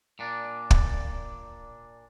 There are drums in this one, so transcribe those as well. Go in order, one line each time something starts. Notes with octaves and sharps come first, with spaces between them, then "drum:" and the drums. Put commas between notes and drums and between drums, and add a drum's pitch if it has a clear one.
A#2 D4
drum: kick